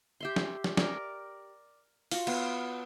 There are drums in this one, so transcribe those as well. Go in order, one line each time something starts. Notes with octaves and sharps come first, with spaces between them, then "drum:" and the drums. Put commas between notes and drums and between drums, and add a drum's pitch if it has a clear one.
G4 E5 C6
drum: snare
drum: snare
A#4 D5, drum: snare
F4 F#4, drum: open hi-hat
B3, drum: cymbal